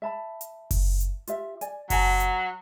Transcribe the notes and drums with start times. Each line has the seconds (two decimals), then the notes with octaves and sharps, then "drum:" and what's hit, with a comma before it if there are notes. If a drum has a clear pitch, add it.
0.02 E5 A5 B5
0.41 drum: hi-hat
0.71 drum: kick F#1, open hi-hat
1.00 drum: hi-hat
1.27 F4 G4 E5, drum: hi-hat
1.61 D5 G#5, drum: hi-hat
1.90 F#3 F#5 G#5 A5, drum: kick F#1, open hi-hat
2.20 drum: hi-hat